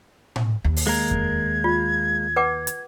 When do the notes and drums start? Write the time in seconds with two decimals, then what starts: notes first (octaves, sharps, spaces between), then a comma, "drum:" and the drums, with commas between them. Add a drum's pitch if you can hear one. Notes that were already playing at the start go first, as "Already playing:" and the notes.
0.36 drum: tom A2
0.64 D#2
0.76 drum: open hi-hat
0.87 G#3 A#3 A#4 G#6
1.11 drum: kick F2
1.64 F4
2.36 B4 F#5 D6
2.67 drum: hi-hat